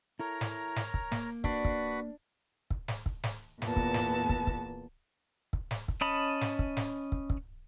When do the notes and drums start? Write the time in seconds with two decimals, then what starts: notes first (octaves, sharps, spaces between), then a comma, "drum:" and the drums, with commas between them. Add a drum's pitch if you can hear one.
0.20 E4 A4 A#4 C#5 A#5
0.41 drum: snare
0.76 drum: snare
0.94 drum: kick
1.12 A#3, drum: snare
1.44 D4 F#4 B4, drum: kick
1.65 drum: kick
2.70 drum: kick
2.88 drum: snare
3.06 drum: kick
3.23 drum: snare
3.62 E2 A#2 B3 A5, drum: snare
3.76 drum: kick
3.94 drum: snare
4.29 drum: kick
4.47 drum: kick
5.53 drum: kick
5.71 drum: snare
5.88 drum: kick
6.01 C#4 D#5 A5 B5
6.41 drum: snare
6.59 drum: kick
6.77 drum: snare
7.12 drum: kick
7.30 drum: kick